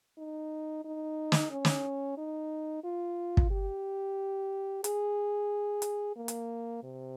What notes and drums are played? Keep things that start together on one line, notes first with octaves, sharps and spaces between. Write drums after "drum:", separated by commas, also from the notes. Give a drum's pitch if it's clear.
D#4
D#4
drum: snare
C#4
drum: snare
D#4
F4
drum: kick
G4
G#4, drum: hi-hat
drum: hi-hat
A#3
drum: hi-hat
C3